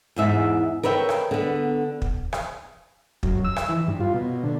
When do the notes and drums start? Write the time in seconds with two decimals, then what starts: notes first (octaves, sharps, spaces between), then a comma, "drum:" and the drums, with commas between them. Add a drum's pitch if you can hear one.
0.16 E2 G#2 E5
0.83 A#4 B4 C#5 E5 G5
1.09 drum: rim click
1.31 D3 B3
2.02 drum: kick
2.33 drum: rim click
3.23 F#2, drum: kick
3.45 E6
3.56 drum: rim click
3.69 E3
3.87 G2
4.00 F4
4.14 B2
4.44 D3